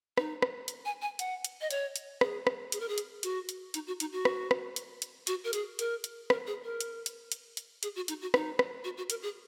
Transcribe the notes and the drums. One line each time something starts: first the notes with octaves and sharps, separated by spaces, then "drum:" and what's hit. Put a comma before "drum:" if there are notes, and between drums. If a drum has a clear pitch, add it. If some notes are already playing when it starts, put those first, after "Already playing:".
D#4, drum: rim click
drum: rim click
drum: hi-hat
G#5
G#5
F#5, drum: hi-hat
drum: hi-hat
D#5
C#5, drum: hi-hat
drum: hi-hat
G#4, drum: rim click
drum: rim click
G#4, drum: hi-hat
A#4
G#4
drum: hi-hat
F#4, drum: hi-hat
drum: hi-hat
D#4, drum: hi-hat
F#4
D#4, drum: hi-hat
F#4
drum: rim click
drum: rim click
drum: hi-hat
drum: hi-hat
F#4, drum: hi-hat
A#4
G#4, drum: hi-hat
A#4, drum: hi-hat
drum: hi-hat
A#4, drum: rim click
G#4
A#4
drum: hi-hat
drum: hi-hat
drum: hi-hat
drum: hi-hat
G#4, drum: hi-hat
F#4
D#4, drum: hi-hat
F#4
D#4, drum: rim click
drum: rim click
F#4
F#4
A#4, drum: hi-hat
G#4